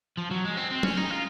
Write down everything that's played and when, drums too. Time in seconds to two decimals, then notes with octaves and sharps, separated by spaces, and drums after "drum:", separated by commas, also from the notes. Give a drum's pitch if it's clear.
0.17 F3
0.31 F#3
0.45 G#3
0.57 C4
0.71 C4
0.83 C#4, drum: tom F#3
0.97 D#4
1.10 F4